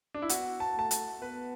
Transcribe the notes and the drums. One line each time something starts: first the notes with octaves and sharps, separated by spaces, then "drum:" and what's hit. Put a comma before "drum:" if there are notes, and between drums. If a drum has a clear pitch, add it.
D4
E4
B3 F#4, drum: hi-hat
A5
A3 A5
drum: hi-hat
B3 B4